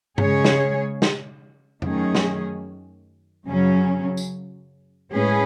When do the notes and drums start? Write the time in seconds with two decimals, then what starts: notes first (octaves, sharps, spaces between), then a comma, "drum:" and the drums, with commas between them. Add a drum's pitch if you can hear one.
0.18 C#3 G#3 C#4 G#4 C#5, drum: tom G2
0.45 drum: snare
1.02 drum: snare
1.82 F#2 D#3 A3 C#4 G#4, drum: tom F2
2.15 drum: snare
3.46 F#2 C#3 F#3 C#4
4.17 drum: tambourine
5.10 A2 G#3 C#4 G#4 B4